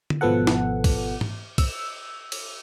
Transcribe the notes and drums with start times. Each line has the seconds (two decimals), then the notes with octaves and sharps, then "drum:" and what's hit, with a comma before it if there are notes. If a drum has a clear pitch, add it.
0.10 drum: tom D3
0.21 G#1 B2 F3 B3 A4 F#5
0.47 drum: snare
0.84 drum: kick, cymbal
1.21 drum: tom G#2
1.58 E6, drum: kick, cymbal
2.32 drum: cymbal